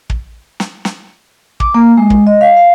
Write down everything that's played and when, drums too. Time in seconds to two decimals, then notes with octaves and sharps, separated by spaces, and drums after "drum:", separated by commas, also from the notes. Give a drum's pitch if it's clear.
0.10 drum: kick
0.60 drum: snare
0.85 drum: snare
1.60 D6, drum: kick
1.74 A#3
1.98 G#3
2.10 drum: kick
2.27 D#5
2.41 F5
2.57 F5